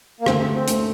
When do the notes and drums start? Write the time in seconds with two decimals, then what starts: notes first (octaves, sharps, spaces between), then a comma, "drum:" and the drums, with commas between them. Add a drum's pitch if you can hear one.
0.20 A#3
0.26 D2 D3 A3 C4, drum: rim click
0.41 C4
0.55 C4
0.68 D2 D3 A3, drum: hi-hat